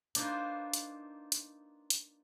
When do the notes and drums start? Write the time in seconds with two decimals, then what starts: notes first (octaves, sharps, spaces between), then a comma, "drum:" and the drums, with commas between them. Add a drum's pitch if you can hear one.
0.15 A#3 D4 D#4 F4 B4 C5, drum: hi-hat
0.74 drum: hi-hat
1.32 drum: hi-hat
1.90 drum: hi-hat